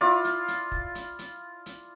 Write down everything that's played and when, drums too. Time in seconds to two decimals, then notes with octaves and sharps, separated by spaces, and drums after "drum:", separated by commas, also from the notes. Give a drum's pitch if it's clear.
0.01 E4 F4 D5
0.24 drum: hi-hat
0.48 drum: hi-hat
0.72 drum: kick
0.95 drum: hi-hat
1.19 drum: hi-hat
1.66 drum: hi-hat